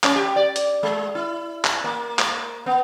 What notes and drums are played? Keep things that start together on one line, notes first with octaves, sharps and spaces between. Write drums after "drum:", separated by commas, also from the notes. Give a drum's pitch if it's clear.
C#4, drum: clap
G4
D5
drum: hi-hat
G#3
E4
drum: clap
A#3
drum: clap
B3